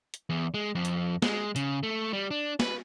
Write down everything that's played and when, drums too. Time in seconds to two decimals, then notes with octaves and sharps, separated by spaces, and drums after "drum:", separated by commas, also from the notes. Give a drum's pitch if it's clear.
0.14 drum: hi-hat
0.29 E2
0.54 G#3
0.75 F2
0.85 drum: hi-hat
1.22 G#3, drum: snare
1.56 C#3, drum: hi-hat
1.83 A3
2.13 G3
2.31 D4
2.60 B4, drum: snare